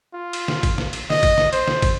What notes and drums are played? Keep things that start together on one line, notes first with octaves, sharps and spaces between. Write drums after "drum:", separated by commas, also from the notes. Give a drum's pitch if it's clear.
F4
drum: cymbal
drum: snare
drum: kick, cymbal
drum: snare
drum: cymbal
D#5, drum: snare
drum: kick, cymbal
drum: snare
C5, drum: cymbal
drum: snare
drum: kick, cymbal